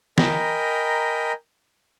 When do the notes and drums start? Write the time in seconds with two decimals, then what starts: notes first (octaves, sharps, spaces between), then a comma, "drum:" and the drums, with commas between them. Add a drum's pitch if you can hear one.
0.18 A#4 D#5 G5 G#5 A#5 B5, drum: snare